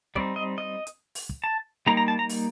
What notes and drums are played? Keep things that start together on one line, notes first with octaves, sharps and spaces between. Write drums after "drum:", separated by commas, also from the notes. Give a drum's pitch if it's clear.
G3 C4 D#4 D5, drum: kick
D#5
D#5
drum: hi-hat
drum: open hi-hat
drum: kick
A5
G3 A#3 D#4 A#5
A#5
A5
A#5
drum: open hi-hat